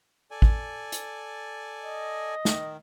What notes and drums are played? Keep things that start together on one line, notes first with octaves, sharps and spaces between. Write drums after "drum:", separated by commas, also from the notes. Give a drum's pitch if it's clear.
A4 D5 G#5
drum: kick
drum: hi-hat
D#5
D#3, drum: snare